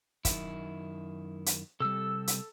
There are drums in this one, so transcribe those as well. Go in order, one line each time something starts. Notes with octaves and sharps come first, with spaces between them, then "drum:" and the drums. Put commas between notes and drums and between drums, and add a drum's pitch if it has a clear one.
F#2 D#3 E4, drum: kick, hi-hat
drum: hi-hat
C3 G3 A4 E6
drum: hi-hat